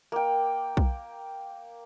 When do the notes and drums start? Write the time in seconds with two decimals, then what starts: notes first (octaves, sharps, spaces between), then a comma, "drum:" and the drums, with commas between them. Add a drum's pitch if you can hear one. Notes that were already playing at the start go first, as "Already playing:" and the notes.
0.12 A#3 G5
0.77 drum: kick B1